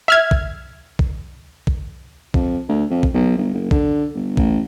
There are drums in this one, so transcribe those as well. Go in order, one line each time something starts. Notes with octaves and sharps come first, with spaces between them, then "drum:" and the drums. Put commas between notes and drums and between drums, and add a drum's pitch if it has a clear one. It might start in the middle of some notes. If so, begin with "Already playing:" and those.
E5 F6 G#6
drum: kick
drum: kick
drum: kick
F2, drum: kick
D2
F2
drum: kick
B1
G1
F#1
D3, drum: kick
G1
A1, drum: kick